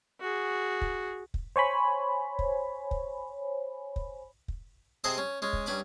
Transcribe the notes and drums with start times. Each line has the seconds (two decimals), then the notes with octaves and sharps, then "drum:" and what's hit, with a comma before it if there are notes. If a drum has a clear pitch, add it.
0.20 F#4 G#4
0.82 drum: kick
1.34 drum: kick
1.56 C5 C#5 G#5 B5
2.39 drum: kick
2.91 drum: kick
3.96 drum: kick
4.48 drum: kick
5.04 C3 C4 G#4 D#5 A5 D#6
5.18 C#4
5.42 G#3 C#4
5.53 drum: kick
5.66 G2 C#4 B5 D6